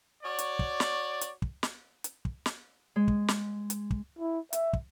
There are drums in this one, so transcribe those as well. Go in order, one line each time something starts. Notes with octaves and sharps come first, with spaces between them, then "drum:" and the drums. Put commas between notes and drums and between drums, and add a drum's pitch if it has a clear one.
F#4 C#5 D5
drum: hi-hat
drum: kick
drum: snare
drum: hi-hat
drum: kick
drum: snare
drum: hi-hat
drum: kick
drum: snare
G#3
drum: kick
drum: snare
drum: hi-hat
drum: kick
E4
E5, drum: hi-hat
drum: kick